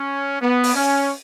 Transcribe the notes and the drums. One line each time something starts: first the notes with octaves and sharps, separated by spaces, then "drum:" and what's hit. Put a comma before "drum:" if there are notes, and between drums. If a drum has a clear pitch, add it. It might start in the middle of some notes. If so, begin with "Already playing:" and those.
Already playing: C#4
B3
drum: open hi-hat
C#4